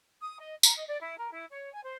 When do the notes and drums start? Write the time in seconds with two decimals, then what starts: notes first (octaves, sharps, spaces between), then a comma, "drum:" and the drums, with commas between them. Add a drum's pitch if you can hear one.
0.20 D#6
0.40 D#5
0.63 A#5, drum: tambourine
0.75 D#5
0.87 D5
1.01 E4
1.18 A#4
1.31 E4
1.51 C#5
1.72 G#5
1.83 C5